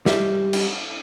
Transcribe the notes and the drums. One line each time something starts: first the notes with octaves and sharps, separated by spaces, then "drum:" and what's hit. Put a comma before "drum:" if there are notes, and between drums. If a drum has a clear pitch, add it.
G3 E5, drum: snare
drum: cymbal